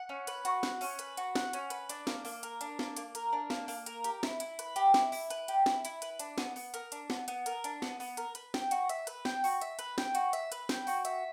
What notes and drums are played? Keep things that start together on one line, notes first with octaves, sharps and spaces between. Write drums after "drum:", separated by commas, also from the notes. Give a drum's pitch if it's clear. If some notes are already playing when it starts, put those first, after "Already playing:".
Already playing: F#5
C#4
B4, drum: hi-hat
F#4, drum: hi-hat
F#5, drum: snare
C#4, drum: open hi-hat
B4, drum: hi-hat
F#4, drum: hi-hat
F#5, drum: snare
C#4, drum: hi-hat
B4, drum: hi-hat
D4, drum: hi-hat
A#3, drum: snare
A#3, drum: open hi-hat
A#4, drum: hi-hat
D4, drum: hi-hat
A#3, drum: snare
A#3, drum: hi-hat
A#4, drum: hi-hat
D4
A#3, drum: snare
A#3, drum: open hi-hat
A#4, drum: hi-hat
G4, drum: hi-hat
E4, drum: snare
E4, drum: hi-hat
B4, drum: hi-hat
G4, drum: hi-hat
E4, drum: snare
E4, drum: open hi-hat
B4, drum: hi-hat
G4, drum: hi-hat
E4, drum: snare
E4, drum: hi-hat
B4, drum: hi-hat
D4, drum: hi-hat
B3, drum: snare
B3, drum: open hi-hat
A#4, drum: hi-hat
D4, drum: hi-hat
B3, drum: snare
B3, drum: hi-hat
A#4, drum: hi-hat
D4, drum: hi-hat
B3, drum: snare
B3, drum: open hi-hat
A#4, drum: hi-hat
B4, drum: hi-hat
G5, drum: snare
F#4, drum: hi-hat
E5, drum: hi-hat
B4, drum: hi-hat
G5, drum: snare
F#4, drum: open hi-hat
E5, drum: hi-hat
B4, drum: hi-hat
G5, drum: snare
F#4, drum: hi-hat
E5, drum: hi-hat
B4, drum: hi-hat
G5, drum: snare
F#4, drum: open hi-hat
E5, drum: hi-hat